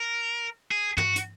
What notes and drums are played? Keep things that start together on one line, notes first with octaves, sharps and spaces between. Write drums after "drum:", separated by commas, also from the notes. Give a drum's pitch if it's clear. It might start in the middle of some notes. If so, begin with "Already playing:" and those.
Already playing: A#4
G#4
F#4, drum: tom
drum: hi-hat